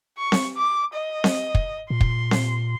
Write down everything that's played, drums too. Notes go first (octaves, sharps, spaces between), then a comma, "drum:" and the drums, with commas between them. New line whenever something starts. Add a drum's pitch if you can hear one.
C#6
drum: snare C4
D6
D#5
drum: snare C4
drum: kick
A#2 C6
drum: kick
drum: snare C4